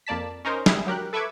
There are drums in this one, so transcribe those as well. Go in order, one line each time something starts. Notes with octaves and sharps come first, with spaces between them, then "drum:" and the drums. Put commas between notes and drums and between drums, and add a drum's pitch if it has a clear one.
F2 A#3 D5 A5 B6
C#4 D#4 A#4 C5
G3 E4 G#4, drum: snare
F#3 G4 A#4 F#6
A4 B4 E5 C#6 D6 G#6